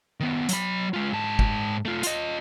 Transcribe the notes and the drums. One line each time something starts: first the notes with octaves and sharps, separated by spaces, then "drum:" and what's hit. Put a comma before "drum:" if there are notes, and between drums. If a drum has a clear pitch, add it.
D#3 B3
F#3 B5, drum: hi-hat
G#3 F4
G#2 A5
drum: kick
A3 F4
F4 D#5, drum: hi-hat